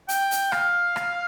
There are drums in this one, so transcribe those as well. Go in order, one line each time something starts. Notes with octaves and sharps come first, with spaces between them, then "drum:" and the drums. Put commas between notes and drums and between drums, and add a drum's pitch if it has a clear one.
G5, drum: hi-hat
drum: hi-hat
F5, drum: rim click
drum: rim click